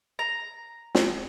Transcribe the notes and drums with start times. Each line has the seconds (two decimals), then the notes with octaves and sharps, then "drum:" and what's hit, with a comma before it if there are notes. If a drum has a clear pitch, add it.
0.19 A#5
0.95 drum: snare